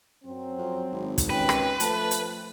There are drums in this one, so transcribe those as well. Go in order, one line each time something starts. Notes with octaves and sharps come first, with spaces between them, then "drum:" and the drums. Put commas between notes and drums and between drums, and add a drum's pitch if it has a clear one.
F#2 F#3 C4
F2
G#1
drum: kick, hi-hat
C3 D#3 C#4 B4 G5
drum: rim click
F3 A3 A5, drum: hi-hat
drum: hi-hat